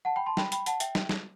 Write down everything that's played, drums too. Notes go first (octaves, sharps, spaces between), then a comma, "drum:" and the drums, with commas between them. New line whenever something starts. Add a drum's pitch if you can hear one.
F#5 A5
G5 B5
A5 C6
G5 B5, drum: snare
G5 B5, drum: hi-hat
F#5 A5, drum: hi-hat
E5 G5, drum: hi-hat
drum: snare
drum: snare